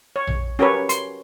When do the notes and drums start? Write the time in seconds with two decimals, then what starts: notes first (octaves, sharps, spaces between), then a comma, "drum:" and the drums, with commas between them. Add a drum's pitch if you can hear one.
0.16 C#5
0.27 drum: tom A#1
0.59 C#4 F#4 G4 A#4 B4 C#5
0.89 C6, drum: hi-hat